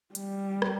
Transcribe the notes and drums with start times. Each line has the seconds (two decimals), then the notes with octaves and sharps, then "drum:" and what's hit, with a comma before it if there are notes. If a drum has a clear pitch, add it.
0.15 G3, drum: hi-hat
0.62 drum: rim click